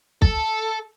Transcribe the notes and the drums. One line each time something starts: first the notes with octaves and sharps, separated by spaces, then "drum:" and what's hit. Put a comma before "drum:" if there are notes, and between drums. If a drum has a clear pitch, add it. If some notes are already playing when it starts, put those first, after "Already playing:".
A4, drum: kick